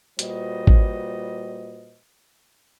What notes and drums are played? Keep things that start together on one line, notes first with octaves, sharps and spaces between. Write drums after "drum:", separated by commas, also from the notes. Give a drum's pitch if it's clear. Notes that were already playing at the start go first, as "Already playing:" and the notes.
A#2 G3 F#4 B4 C5 D#5, drum: hi-hat
drum: kick G#1